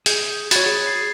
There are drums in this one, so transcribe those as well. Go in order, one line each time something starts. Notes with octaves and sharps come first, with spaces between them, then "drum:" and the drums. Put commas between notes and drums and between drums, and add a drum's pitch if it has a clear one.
G#4 G6, drum: hi-hat
F#4 C#5 B5 G#6 A6, drum: hi-hat
G#4
C7